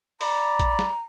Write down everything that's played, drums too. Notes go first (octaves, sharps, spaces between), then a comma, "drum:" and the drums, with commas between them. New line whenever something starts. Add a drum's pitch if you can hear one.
D5 A#5 B5, drum: open hi-hat
drum: kick, hi-hat
drum: snare